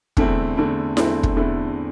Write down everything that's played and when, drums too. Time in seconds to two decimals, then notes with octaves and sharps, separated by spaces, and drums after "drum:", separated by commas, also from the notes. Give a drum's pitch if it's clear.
0.17 E2 D3 A3 C4 E4, drum: kick
0.56 E2 D3 A3 C4 E4
0.97 E2 D3 A3 C4 E4, drum: snare E4
1.23 drum: kick
1.37 E2 D3 A3 C4 E4